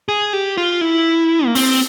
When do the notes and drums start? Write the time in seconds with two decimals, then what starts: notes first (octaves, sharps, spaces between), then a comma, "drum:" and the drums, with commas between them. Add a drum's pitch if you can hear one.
0.09 G#4
0.33 G4
0.57 F4
0.81 E4
1.46 A#3
1.55 C4, drum: open hi-hat